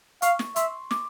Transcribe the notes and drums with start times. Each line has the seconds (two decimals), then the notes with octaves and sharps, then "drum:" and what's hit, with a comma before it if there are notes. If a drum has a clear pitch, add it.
0.22 F5 C#6, drum: hi-hat
0.39 drum: snare
0.56 E5 C6, drum: hi-hat
0.91 D6, drum: snare